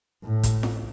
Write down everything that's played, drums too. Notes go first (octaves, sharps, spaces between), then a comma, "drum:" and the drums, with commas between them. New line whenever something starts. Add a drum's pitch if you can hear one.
A2
drum: kick, hi-hat
drum: snare